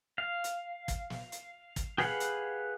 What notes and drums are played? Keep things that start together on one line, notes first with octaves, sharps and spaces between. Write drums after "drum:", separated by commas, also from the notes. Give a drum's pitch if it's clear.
F5
drum: hi-hat
drum: kick, hi-hat
drum: snare
drum: hi-hat
drum: kick, hi-hat
G4 G#4 B4 F5 F#5, drum: snare
drum: hi-hat